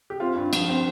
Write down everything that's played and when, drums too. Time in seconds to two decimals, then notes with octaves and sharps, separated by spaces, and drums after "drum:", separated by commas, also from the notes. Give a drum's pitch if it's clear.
0.10 G4
0.20 C4 F4
0.36 G2
0.53 F3, drum: cymbal
0.69 C4